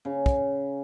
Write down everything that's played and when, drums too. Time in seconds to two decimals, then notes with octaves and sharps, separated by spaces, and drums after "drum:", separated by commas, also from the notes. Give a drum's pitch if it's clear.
0.05 C#3
0.26 drum: kick